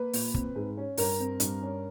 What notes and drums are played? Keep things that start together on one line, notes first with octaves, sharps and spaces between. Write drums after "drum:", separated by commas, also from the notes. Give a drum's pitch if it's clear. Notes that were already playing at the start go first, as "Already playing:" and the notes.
Already playing: A#3 B4
A#2, drum: open hi-hat
C4, drum: kick
G#2
C#4
G2 A#4, drum: open hi-hat
C4
G2, drum: hi-hat
C#4